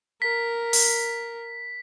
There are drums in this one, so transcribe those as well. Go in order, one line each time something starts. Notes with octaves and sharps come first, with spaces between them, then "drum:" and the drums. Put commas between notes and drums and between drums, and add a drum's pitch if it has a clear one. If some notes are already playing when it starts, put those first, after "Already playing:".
A#4 B6
drum: open hi-hat